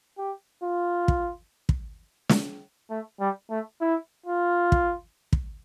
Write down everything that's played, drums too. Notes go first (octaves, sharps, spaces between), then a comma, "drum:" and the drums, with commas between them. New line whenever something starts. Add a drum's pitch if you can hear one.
G4
F4
drum: kick
drum: kick
drum: snare
A3
G3
A3
E4
F4
drum: kick
drum: kick